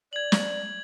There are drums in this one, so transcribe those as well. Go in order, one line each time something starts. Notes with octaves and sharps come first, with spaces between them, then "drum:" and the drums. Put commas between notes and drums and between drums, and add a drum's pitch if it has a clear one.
D5 G#6 F#7
drum: snare